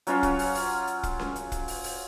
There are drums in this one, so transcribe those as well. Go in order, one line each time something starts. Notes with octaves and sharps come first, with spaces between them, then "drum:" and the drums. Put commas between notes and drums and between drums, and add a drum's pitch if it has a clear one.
F#3 C#4 F4 C#6, drum: hi-hat
drum: kick, hi-hat
drum: open hi-hat
drum: open hi-hat
drum: hi-hat
drum: kick, hi-hat
drum: snare C#4
drum: hi-hat
drum: kick, hi-hat
drum: open hi-hat
drum: open hi-hat